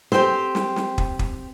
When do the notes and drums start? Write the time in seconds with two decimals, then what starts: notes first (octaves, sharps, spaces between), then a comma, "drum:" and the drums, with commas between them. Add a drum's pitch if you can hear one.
0.12 C4 G4 C5, drum: snare
0.55 drum: snare
0.76 drum: snare
0.98 drum: kick
1.19 drum: kick